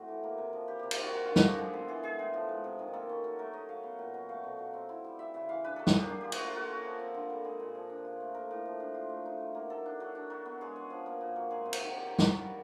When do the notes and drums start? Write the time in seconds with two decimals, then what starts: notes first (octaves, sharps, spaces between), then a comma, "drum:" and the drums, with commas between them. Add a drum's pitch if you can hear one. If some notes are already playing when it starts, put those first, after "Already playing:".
Already playing: A2 A3 C4 F#4
0.08 E3
0.23 A#3
0.38 C3
0.53 F3
0.68 G3 G4
0.79 C3 G4
0.91 F4, drum: cymbal
0.98 D#3 F#4
1.13 A#3 F#4
1.25 D3 F4
1.36 F#4, drum: snare
1.44 F3 G4
1.59 G#3 G#4
1.73 B3 A4
1.88 E3 G#4
2.03 G#3 G#4
2.19 A2
2.34 F3
2.49 G#3
2.64 C3
2.79 D#3
2.93 A#3 A4
3.09 C#4
3.24 F#3
3.39 A3 A#4
3.54 C#4 D#5
3.69 F#3 F5
3.83 B3
3.99 A#2
4.14 F#3
4.29 A3 F5
4.44 B2
4.59 F#3
4.74 C4
4.89 E4
5.04 G3
5.19 G3 E5
5.34 C#3 E5
5.49 E3 F5
5.64 D4 B4
5.76 F#3 A4
5.87 G#4, drum: snare
5.94 A#3 G4
6.09 D4 G#4
6.21 F4 G4
6.32 F#4, drum: cymbal
6.39 A3 F4
6.55 A#3 F#4
6.70 C#4
6.85 F3
6.99 C4
7.14 D3
7.30 G3
7.44 G#3 G#4
7.60 A#2
7.75 F3
7.89 D4
8.05 F4
8.20 A3
8.34 A#3 A#4
8.51 A2
8.66 F3
8.80 D4
8.94 F4
9.10 A3
9.26 D#4
9.41 F#3
9.55 A#3
9.70 A#3 A4
9.86 D4
10.00 F#3
10.15 D4
10.30 F#3
10.45 B3
10.61 G#3 G#4
10.76 C#4
10.90 F3
11.06 A#3
11.21 A#2
11.36 F#3
11.50 G#3 G#4
11.66 C3
11.73 F#4, drum: cymbal
11.81 D#3
11.95 C#4 G4
12.07 F#3 G4
12.19 G4, drum: snare
12.25 A#3 F#4
12.41 G3